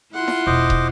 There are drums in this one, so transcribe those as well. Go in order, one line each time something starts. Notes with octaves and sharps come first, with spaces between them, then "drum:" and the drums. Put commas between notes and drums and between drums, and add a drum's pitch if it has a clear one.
E4 F4 F#5 C6
drum: snare E4
E1 C5 D#5 D6
drum: kick